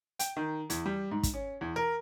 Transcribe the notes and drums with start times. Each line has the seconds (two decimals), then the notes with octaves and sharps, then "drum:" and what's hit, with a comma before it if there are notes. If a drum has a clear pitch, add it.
0.19 G5, drum: hi-hat
0.37 D#3
0.70 E2, drum: hi-hat
0.86 G3
1.11 G#2
1.23 drum: kick, hi-hat
1.34 C#4
1.61 E2
1.76 A#4